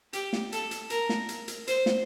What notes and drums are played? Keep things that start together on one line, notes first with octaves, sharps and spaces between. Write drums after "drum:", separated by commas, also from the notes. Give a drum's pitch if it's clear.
G4, drum: hi-hat
drum: snare
A4, drum: hi-hat
drum: hi-hat
A#4, drum: hi-hat
drum: snare
drum: hi-hat
drum: hi-hat
C5, drum: hi-hat
drum: snare